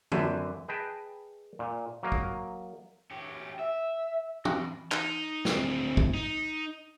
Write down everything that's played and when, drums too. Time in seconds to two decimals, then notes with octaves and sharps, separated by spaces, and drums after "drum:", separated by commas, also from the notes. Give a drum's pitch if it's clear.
0.12 F#2 D3 C4 B4 G#5 A5, drum: tom D3
0.68 G#4 B4 D#5 G5 A5
1.59 A#2
2.03 F#3 A#3 A#4 D#5
2.12 drum: kick
3.11 C#4 G4
3.59 E5
4.45 D#5 B5, drum: tom
4.92 D#4, drum: clap
5.45 D2 C4, drum: snare
5.97 drum: kick
6.14 D#4